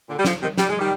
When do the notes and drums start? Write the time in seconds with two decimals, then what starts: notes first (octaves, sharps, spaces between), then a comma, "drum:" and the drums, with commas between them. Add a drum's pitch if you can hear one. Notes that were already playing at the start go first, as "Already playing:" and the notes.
0.08 A#2 D3
0.18 G3
0.25 D3 F3, drum: snare
0.41 C3 D#3
0.58 G3, drum: snare
0.68 G#3
0.79 D#3 G3